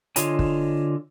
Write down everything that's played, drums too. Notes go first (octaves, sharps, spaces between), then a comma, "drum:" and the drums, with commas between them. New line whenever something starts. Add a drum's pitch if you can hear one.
D3 F4 C#5 D#5 G#5, drum: hi-hat
drum: kick